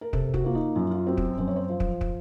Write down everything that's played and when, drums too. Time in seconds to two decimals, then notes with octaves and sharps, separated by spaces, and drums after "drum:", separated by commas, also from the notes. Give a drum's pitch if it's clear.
0.01 A#4
0.13 C3 A4, drum: kick
0.34 F#4, drum: kick
0.44 A#3 F4
0.55 D#4
0.76 F#2 F4
0.91 F4
1.07 C4 F#4
1.17 drum: kick
1.38 F#2 C5
1.47 C#5
1.56 C5
1.69 F3
1.80 drum: kick
2.01 drum: kick